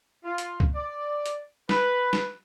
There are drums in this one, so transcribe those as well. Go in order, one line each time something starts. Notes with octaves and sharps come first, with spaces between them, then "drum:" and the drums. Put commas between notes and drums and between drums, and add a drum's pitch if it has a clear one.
F4
drum: hi-hat
drum: kick C#2
D5
drum: hi-hat
B4, drum: snare
drum: snare